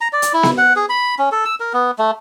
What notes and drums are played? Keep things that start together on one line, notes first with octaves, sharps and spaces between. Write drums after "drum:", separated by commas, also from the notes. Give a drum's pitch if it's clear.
A#5
D5
drum: hi-hat
E4
drum: snare B3
F#5
G#4
B5
C#4
A4
E6
A#4
B3
A3